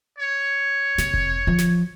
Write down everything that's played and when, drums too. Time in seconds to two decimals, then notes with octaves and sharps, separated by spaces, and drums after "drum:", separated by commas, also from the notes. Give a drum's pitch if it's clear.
0.19 C#5
0.98 C3, drum: snare
1.14 drum: kick F1
1.47 F3
1.58 drum: snare